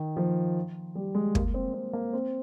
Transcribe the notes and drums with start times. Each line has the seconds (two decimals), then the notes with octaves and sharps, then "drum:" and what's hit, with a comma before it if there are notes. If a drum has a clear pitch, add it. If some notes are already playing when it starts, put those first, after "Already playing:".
Already playing: D#3
0.17 F3
0.95 G3
1.15 G#3
1.35 A#3, drum: kick
1.54 C4
1.73 C4
1.93 A#3
2.13 C4